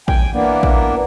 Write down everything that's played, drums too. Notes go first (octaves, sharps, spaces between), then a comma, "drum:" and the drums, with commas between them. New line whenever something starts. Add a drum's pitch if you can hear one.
G5 G#5, drum: kick A1
E3 A#3 B3 D4
drum: kick A1